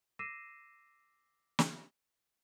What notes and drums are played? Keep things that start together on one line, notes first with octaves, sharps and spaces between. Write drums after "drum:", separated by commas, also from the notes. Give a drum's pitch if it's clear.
D6 E6 A#6 C7 D#7 E7
drum: snare